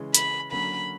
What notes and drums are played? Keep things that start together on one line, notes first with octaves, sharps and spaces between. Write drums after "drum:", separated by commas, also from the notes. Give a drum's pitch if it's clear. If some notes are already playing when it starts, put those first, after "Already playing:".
Already playing: C#3 E3 G#3 C#4
B5, drum: hi-hat
D3 F#3 A#3 C#4 B5